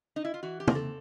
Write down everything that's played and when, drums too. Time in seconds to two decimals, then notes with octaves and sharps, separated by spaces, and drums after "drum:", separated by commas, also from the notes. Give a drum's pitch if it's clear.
0.16 D#4
0.25 E4
0.34 F4
0.43 E3 F#4
0.60 G4
0.68 C4 A#4, drum: tom
0.75 A4